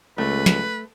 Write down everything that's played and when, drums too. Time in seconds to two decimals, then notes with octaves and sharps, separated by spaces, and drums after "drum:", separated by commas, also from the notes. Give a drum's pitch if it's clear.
0.18 C#2 A3 B4
0.46 drum: snare